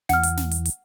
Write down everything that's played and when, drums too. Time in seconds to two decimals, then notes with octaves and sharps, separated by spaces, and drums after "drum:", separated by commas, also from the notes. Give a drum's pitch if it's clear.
0.09 E2 F#5 F6, drum: snare
0.23 drum: hi-hat
0.37 drum: snare
0.51 drum: hi-hat
0.65 drum: hi-hat